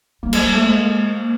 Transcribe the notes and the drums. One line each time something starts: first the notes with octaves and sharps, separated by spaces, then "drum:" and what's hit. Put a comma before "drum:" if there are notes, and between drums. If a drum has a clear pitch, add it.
G3 A#3
G#3, drum: cymbal
G3
A3
G#3